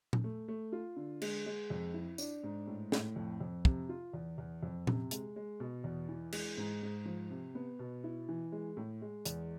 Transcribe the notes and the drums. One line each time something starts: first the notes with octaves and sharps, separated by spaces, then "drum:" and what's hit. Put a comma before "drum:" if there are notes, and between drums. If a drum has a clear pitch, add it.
drum: tom A#2
A3
A3
F4
D3
G#3, drum: cymbal
G#3
F2
E4
D4, drum: tambourine
G#2
A2
A2, drum: snare
F2
F2
C3, drum: kick
F4
E2
E2
F2
C3, drum: tom A#2
G#3, drum: hi-hat
G#3
B2
E2
E3
G#3, drum: cymbal
G#2
G#2
F3
C3
B3
B2
E4
E3
G#3
A2
G#3
E2, drum: hi-hat